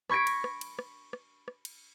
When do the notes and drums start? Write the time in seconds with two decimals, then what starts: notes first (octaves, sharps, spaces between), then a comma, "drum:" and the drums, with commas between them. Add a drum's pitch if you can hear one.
0.10 B5 C#6 G#6 A#6 D7, drum: rim click
0.27 drum: cymbal
0.44 drum: rim click
0.61 drum: cymbal
0.79 drum: rim click
1.13 drum: rim click
1.48 drum: rim click
1.65 drum: cymbal